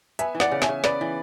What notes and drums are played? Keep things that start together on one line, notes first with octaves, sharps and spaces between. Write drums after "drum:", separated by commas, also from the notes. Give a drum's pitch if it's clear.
B3 E5 G#5, drum: hi-hat
E3
D5 F#5, drum: snare
C#3
E5 G#5, drum: snare
C#3
B3 B4 D5, drum: snare
E3